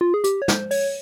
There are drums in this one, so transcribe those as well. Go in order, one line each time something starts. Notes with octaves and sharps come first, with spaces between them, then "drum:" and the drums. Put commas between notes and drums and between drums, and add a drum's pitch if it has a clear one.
F4
G#4
G4, drum: hi-hat
C#5
C5, drum: snare
C#5, drum: open hi-hat